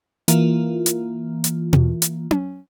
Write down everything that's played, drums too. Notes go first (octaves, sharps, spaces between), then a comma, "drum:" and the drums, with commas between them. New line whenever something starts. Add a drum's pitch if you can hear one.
E3 A#3 F4, drum: hi-hat
drum: hi-hat
drum: hi-hat
drum: tom B2
drum: hi-hat
drum: tom C#4